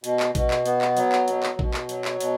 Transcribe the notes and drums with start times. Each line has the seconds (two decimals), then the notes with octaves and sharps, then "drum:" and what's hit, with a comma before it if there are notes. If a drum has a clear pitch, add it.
0.04 B2, drum: hi-hat
0.20 drum: clap
0.35 B2, drum: kick A1, hi-hat
0.51 drum: clap
0.66 B3, drum: hi-hat
0.81 drum: clap
0.97 F#3, drum: hi-hat
1.12 drum: clap
1.28 B2, drum: hi-hat
1.43 drum: clap
1.59 B2, drum: kick A1
1.74 drum: clap
1.89 F#3, drum: hi-hat
2.05 drum: clap
2.21 B2, drum: hi-hat